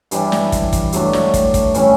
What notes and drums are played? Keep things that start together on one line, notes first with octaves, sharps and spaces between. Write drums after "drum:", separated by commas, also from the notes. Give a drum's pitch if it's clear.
G2 E3 G3 D4, drum: hi-hat
drum: snare
drum: kick, hi-hat
drum: kick, hi-hat
G2 F#3 A3 D4, drum: hi-hat
drum: snare
drum: kick, hi-hat
drum: kick, hi-hat
A2 E3 G3 C#4, drum: hi-hat